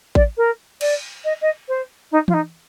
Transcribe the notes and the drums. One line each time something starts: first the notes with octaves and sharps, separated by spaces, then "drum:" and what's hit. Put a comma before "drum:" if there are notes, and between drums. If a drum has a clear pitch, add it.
D5, drum: kick A1
A#4
D5, drum: cymbal
D#5
D#5
C5
D#4
F4, drum: tom E3
D#4